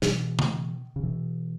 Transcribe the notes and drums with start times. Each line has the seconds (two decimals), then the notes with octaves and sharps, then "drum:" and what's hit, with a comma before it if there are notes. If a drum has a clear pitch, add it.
0.02 B2 E3, drum: snare
0.39 drum: tom C#3
0.96 C#3
1.03 B2 E3